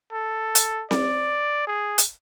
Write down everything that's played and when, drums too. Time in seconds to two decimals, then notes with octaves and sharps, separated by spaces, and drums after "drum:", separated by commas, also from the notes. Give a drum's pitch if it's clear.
0.12 A4
0.55 drum: hi-hat
0.91 D5, drum: snare C4
1.67 G#4
1.98 drum: hi-hat